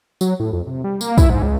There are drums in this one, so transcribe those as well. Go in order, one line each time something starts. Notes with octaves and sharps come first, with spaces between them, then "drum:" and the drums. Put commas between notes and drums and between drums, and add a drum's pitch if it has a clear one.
F#3, drum: tambourine
A2
F2
C3
G3
A#3, drum: tambourine
E4, drum: kick, tambourine
G#2
C#2